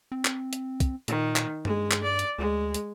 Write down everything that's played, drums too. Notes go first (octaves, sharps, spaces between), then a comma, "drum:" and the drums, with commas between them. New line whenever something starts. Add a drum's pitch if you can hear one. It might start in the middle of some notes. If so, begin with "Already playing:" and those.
C4
drum: clap
drum: hi-hat
drum: kick, hi-hat
A#2 D#3, drum: hi-hat
drum: clap
G2 G#3, drum: tom G2
drum: clap
D5
drum: hi-hat
D2 G#3
drum: hi-hat